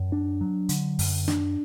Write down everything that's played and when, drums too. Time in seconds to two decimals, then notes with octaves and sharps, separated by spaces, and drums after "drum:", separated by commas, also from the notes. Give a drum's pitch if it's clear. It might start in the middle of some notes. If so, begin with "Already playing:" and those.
Already playing: F#2
0.12 D4
0.41 F#3
0.69 D3, drum: hi-hat
0.99 F#2, drum: open hi-hat
1.28 D4, drum: snare